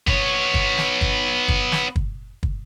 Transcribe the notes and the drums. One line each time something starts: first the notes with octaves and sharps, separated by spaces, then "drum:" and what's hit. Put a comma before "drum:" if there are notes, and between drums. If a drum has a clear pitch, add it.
B3 C#5, drum: kick
drum: kick
drum: snare
drum: kick
drum: kick
drum: snare
drum: kick
drum: kick